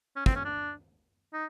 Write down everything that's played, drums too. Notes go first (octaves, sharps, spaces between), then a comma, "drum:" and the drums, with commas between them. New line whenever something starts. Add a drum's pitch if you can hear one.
C#4
C4, drum: kick
C#4
D4
D#4